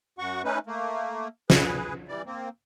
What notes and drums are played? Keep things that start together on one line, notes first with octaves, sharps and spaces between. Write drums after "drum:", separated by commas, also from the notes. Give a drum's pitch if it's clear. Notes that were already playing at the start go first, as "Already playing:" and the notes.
F#2 F#4 F#5 C#6
A3 C#4 D#4 B4
A3 A#3
G#4 B4, drum: snare
E3 G3 D5
A#3 C4